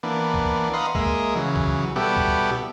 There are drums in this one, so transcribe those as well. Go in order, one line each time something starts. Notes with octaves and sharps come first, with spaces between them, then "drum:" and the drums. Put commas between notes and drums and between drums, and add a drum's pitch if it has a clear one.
E3 A#3 B3 D4
drum: kick
B4 D#5 F5 F#5 A#5 C6
G#3 A#3 D#5 E5, drum: kick
C#3 E3 F#3
drum: kick
B2 G3 B3 E4 G4 A4
drum: kick